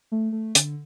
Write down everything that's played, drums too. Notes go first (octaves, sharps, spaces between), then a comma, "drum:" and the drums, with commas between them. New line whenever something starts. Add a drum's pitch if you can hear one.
A3
A3
D3, drum: hi-hat